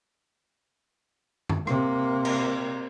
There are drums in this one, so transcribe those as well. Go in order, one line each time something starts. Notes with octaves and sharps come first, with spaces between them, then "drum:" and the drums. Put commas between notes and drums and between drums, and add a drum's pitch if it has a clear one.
drum: tom
C3 A#3, drum: rim click
drum: cymbal